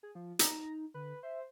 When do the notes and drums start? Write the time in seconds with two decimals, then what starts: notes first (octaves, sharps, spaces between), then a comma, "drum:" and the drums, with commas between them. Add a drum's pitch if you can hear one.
0.03 G#4
0.15 F3
0.39 D#4 A#5, drum: hi-hat
0.94 D3 B4
1.23 C5 E5